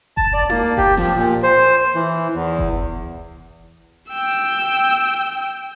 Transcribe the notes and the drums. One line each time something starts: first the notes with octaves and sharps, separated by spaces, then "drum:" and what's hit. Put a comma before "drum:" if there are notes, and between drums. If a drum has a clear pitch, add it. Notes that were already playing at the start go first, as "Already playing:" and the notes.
A5, drum: kick F1
D5
A#3, drum: tom D#4
G4, drum: kick F1
F3, drum: snare
A#2
C5
E3
E2
drum: kick F1
G5 E6
drum: hi-hat